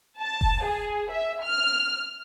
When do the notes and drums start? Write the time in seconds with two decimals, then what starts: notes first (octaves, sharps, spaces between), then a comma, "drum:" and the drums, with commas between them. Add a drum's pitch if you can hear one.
0.21 A5
0.41 drum: kick F1
0.63 G#4
1.11 E5
1.44 F6